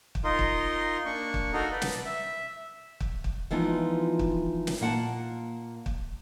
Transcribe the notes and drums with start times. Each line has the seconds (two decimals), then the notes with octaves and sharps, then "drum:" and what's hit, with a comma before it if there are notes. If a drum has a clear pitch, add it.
0.15 drum: kick
0.24 D#4 F4 A#4 D#5 C6
0.39 drum: kick
1.05 A#3 D4 C#6
1.34 drum: kick
1.53 D#4 F#4 A4 A#4 D#5 F5
1.72 B4 D5
1.82 drum: snare
2.05 E5
3.00 drum: kick
3.24 drum: kick
3.51 E3 F3 G#3 B3 D#4 F4
4.19 drum: kick
4.67 drum: snare
4.80 A#2 A#3 F#5 A5
5.86 drum: kick